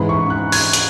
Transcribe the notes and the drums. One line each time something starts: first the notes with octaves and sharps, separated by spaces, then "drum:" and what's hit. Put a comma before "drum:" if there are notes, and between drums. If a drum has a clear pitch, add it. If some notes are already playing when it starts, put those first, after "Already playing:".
Already playing: G#2 E3 G#3 C#4 B5
C#6
F#6
G#6, drum: open hi-hat
drum: hi-hat